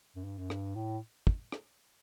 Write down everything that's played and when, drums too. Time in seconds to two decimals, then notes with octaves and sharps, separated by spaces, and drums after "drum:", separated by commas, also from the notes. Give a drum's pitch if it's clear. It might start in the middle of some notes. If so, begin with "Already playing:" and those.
0.15 F#2
0.24 G2
0.39 F#2
0.50 G2, drum: rim click
0.75 A2
1.27 drum: kick
1.52 drum: rim click